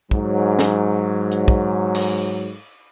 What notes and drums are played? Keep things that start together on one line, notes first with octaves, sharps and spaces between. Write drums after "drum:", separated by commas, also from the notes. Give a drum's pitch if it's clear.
G#2 F#3, drum: kick
drum: snare
drum: hi-hat
drum: kick
drum: cymbal